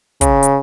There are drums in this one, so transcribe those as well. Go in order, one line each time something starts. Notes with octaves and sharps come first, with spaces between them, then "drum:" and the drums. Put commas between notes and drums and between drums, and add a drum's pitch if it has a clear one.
C#3, drum: kick, hi-hat
drum: hi-hat